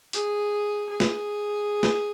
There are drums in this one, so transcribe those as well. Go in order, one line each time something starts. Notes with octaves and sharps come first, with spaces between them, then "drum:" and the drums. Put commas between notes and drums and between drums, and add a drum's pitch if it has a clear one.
G#4, drum: hi-hat
G#4
drum: snare
drum: snare